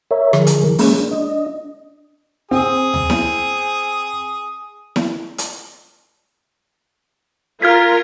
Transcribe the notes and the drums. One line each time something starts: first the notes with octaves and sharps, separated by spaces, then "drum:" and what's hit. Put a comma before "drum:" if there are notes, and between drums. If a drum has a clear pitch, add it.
A#4 C#5 E5
D3 F3 G#4 A#4, drum: rim click
drum: hi-hat
E3
G#3 A#3 C#4 G#4, drum: open hi-hat
D4
D4 D#5
C4 G#4
drum: tom D2
drum: snare E4
drum: snare E4
drum: hi-hat
F4 A#4 F6 G#6 B6